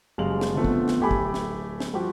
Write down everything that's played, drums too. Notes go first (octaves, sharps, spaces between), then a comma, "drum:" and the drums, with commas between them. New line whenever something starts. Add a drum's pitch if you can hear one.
F#1 F#2 G3 G#3 F5 F#7
drum: snare
D3 F3 A3 B3 C4
drum: kick
drum: snare
D1 A3 G4 G#5 B5 D6
drum: kick
drum: snare
drum: snare
F3 G3 F#4 G4